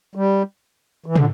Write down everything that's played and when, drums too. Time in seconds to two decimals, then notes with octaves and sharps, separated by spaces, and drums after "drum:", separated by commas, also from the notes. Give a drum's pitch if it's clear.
0.15 G3
1.06 E3
1.16 D3, drum: tom